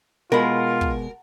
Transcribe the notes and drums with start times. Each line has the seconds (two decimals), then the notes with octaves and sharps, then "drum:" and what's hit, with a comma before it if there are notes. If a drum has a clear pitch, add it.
0.32 B2 G#3 F4 A#4 F#5 A5 B5
0.81 drum: kick